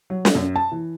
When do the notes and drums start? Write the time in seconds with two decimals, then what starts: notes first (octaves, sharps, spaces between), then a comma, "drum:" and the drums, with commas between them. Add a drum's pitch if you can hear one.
0.10 F#3
0.25 drum: snare
0.35 F#2
0.56 A5
0.72 E3